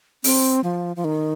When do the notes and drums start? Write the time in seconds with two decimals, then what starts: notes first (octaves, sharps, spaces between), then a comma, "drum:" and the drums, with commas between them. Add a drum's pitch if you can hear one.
0.24 C4, drum: open hi-hat
0.64 F3
0.96 F3
1.05 D#3